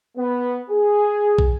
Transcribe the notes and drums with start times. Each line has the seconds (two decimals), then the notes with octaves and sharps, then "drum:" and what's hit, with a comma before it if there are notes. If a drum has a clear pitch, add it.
0.17 B3
0.70 G#4
1.39 drum: kick